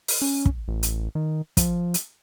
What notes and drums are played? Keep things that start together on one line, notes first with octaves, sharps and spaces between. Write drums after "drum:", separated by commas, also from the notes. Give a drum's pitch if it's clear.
drum: open hi-hat
C#4
drum: kick
A1
drum: hi-hat
D#3
F3, drum: kick, hi-hat
drum: hi-hat